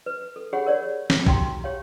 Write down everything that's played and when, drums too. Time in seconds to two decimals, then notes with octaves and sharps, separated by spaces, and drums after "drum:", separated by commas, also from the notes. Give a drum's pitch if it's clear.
0.06 B4
0.36 A4
0.53 D4 G4 G#4 C#5 F#5 B5
0.66 A#4 C#5 D5
1.10 drum: snare
1.26 D#4 F#4 G4 G5 A#5 C6, drum: kick B1
1.64 G4 C#5 F5